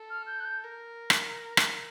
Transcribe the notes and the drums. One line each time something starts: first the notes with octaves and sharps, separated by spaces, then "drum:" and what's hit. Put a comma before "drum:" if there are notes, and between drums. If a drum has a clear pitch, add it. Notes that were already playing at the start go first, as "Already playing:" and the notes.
Already playing: A4
F6
G6
F#6
G6
A#4
drum: rim click
drum: rim click